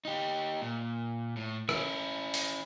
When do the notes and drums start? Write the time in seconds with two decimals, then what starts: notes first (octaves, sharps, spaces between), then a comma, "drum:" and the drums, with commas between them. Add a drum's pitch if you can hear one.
0.05 D#4 G4
0.62 A#2
1.37 A2
1.69 C#4 E4, drum: rim click
2.34 drum: open hi-hat